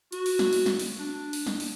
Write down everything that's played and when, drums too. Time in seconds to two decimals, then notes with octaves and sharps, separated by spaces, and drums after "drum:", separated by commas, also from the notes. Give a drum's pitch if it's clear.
0.12 F#4, drum: hi-hat
0.26 drum: open hi-hat
0.39 drum: snare
0.53 drum: open hi-hat
0.66 drum: snare
0.79 drum: open hi-hat
0.99 D4
1.33 drum: open hi-hat
1.47 drum: snare
1.60 drum: open hi-hat